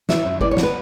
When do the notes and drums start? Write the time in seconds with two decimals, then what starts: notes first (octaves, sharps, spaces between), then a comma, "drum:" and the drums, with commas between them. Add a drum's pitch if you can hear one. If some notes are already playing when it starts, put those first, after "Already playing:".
0.09 E3 E5, drum: snare
0.25 F#2
0.41 E3 D5, drum: kick G1
0.51 C#5
0.57 B3, drum: snare
0.63 B4